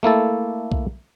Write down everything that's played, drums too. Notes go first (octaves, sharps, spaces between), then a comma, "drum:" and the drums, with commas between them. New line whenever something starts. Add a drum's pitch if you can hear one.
A3 A#3 E4 A4
drum: kick B1